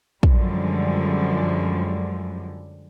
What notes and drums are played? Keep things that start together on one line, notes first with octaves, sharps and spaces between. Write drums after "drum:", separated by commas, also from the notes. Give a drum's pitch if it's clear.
F#2 D3 F3 G3 G#3, drum: kick